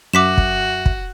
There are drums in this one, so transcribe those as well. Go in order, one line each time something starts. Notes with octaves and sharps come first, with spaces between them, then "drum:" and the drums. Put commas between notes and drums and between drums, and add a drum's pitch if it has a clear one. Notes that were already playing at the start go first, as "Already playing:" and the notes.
F#2 F#4 E5 D6 B6 E7
drum: kick
drum: kick